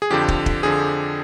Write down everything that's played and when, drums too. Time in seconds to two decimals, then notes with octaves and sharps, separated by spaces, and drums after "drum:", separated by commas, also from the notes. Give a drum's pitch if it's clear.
0.02 G#4
0.11 F2 D3 F3 G4
0.28 drum: kick
0.46 drum: kick
0.63 F2 D3 F3 G#4